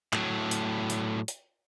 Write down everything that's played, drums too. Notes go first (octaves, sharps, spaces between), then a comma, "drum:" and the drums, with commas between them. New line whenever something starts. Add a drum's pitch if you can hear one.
A2 F#3, drum: clap
drum: hi-hat
drum: hi-hat
drum: hi-hat